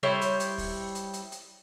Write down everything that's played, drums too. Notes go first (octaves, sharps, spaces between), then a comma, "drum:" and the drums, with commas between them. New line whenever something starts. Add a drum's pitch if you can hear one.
G3 E4 C5 C#5
drum: hi-hat
drum: hi-hat
drum: kick, open hi-hat
drum: hi-hat
drum: hi-hat
drum: hi-hat